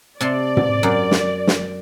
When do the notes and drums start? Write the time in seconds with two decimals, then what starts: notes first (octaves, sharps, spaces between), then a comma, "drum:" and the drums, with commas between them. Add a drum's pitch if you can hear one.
0.21 C3 D5 A5 C6
0.57 drum: tom
0.83 F#2
1.11 drum: snare
1.47 drum: snare